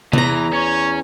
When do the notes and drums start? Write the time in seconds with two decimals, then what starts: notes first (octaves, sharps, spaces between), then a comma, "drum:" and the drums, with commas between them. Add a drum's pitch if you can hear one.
0.13 E2 E3 A#5, drum: tom C3
0.53 C#4 C#5